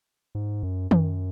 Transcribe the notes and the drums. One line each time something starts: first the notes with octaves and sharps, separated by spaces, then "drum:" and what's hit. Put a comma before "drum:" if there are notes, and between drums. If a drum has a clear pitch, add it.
G#2
F#2
F#2, drum: tom D#3